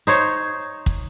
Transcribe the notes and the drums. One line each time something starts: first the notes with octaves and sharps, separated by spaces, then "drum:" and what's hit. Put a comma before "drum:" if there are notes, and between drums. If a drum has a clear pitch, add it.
D#4 C5 C#5
drum: kick